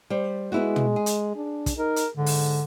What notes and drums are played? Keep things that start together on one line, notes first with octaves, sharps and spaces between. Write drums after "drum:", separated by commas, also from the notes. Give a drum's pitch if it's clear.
G3 C5
G#3 B3 E4 F#4
drum: tom
G#4
drum: hi-hat
D4
drum: kick, hi-hat
D#4 A#4
drum: hi-hat
G#2 D3
drum: open hi-hat